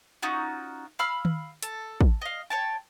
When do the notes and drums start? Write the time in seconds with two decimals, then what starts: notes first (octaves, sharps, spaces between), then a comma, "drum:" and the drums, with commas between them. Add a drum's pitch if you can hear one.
0.22 C#4 D#4 F4 F#4
0.99 F5 B5 E6 F6
1.25 drum: tom D#3
1.63 A4, drum: hi-hat
2.01 drum: kick
2.22 D#5 F5
2.50 C#5 G5 A5